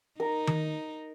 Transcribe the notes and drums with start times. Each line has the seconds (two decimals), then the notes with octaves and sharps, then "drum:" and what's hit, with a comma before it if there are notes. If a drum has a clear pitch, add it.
0.20 D#4 A#4
0.47 drum: tom D#3